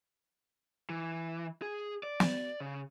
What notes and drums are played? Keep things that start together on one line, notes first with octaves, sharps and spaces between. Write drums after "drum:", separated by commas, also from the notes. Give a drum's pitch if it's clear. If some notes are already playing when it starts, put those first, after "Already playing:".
E3
G#4
D5
drum: snare
C#3